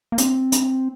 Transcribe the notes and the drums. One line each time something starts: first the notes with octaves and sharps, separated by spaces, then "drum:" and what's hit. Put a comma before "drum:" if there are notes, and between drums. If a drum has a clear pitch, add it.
A#3
C4, drum: hi-hat
drum: hi-hat